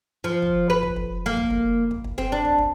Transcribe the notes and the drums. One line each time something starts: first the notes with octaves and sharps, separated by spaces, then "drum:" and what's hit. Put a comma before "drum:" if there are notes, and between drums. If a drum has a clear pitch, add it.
F3
drum: kick
B4
drum: kick
drum: kick
A#3
drum: kick
drum: kick
drum: kick
drum: kick
C4
D4
drum: kick
drum: kick